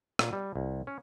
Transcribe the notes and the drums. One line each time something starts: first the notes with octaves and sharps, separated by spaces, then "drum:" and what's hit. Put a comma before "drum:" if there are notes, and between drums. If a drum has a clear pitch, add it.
A#2, drum: rim click
G3
C2
C#4